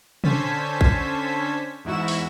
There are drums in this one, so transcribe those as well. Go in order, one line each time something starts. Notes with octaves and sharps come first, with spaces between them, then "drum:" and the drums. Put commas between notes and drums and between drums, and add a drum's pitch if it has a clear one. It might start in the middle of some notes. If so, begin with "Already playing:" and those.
D3 C#4 C5 A5 G#6 B6, drum: tom
drum: kick
E2 G#2 E4 F#4 E7
drum: open hi-hat